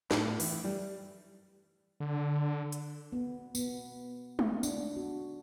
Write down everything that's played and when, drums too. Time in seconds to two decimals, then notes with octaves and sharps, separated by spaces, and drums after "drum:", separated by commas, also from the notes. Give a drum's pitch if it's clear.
0.11 A2, drum: snare
0.40 E3, drum: open hi-hat
0.64 G3
2.00 D3
2.72 drum: hi-hat
3.12 B3
3.55 B3, drum: tambourine
4.39 drum: tom G#3
4.63 D4, drum: tambourine
4.96 F#4